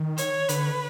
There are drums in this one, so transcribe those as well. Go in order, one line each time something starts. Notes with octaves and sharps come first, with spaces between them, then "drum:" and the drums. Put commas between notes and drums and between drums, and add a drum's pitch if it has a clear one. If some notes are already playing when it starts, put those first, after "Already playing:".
Already playing: D#3
C#5, drum: hi-hat
D3 B4, drum: hi-hat